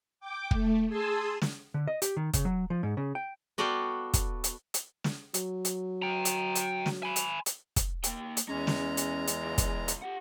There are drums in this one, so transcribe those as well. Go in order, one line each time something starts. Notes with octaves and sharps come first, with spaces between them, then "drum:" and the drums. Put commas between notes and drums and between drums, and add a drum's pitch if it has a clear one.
G5 D6
A3, drum: kick
G#4 G#5 A5 C6 E6
drum: snare
D3
D#5
G4, drum: hi-hat
D#3
C#3, drum: kick, hi-hat
F#3
F3
G#2
C#3
G5
B3 F#4 A4 D5 F5 G5
drum: kick, hi-hat
drum: hi-hat
drum: hi-hat
drum: snare
F#3, drum: hi-hat
drum: hi-hat
G5 A#5
drum: hi-hat
drum: hi-hat
drum: snare
G#5 B5
drum: hi-hat
drum: hi-hat
drum: kick, hi-hat
A#3 G5, drum: hi-hat
drum: hi-hat
E2 G#3 C#4 A#5
drum: snare
drum: hi-hat
drum: hi-hat
C#2
drum: kick, hi-hat
drum: hi-hat
G4 F#5